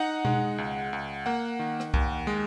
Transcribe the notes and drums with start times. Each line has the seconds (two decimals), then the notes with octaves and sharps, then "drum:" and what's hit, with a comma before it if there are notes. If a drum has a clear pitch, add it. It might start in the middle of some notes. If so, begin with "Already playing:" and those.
Already playing: D#4 F#5
0.25 G#3, drum: tom B2
0.58 C#2
0.93 C#2
1.26 A#3 F#5
1.59 D#3
1.80 drum: rim click
1.94 D#2, drum: kick C2
2.27 G#3